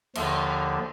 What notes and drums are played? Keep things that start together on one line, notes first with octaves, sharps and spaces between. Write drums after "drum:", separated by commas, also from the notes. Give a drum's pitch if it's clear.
D#2 D3 F3, drum: cymbal